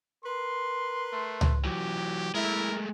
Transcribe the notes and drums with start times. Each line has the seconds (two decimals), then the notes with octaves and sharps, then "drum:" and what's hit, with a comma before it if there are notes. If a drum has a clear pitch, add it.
0.24 A#4 B4 C6
1.13 A3
1.41 drum: tom C#2
1.65 E3 F#3 G4
2.34 G#3 A3 E4 A#4